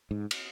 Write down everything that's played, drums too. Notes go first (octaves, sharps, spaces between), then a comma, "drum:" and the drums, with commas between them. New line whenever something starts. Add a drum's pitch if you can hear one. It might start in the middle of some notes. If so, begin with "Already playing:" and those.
G#2
drum: cymbal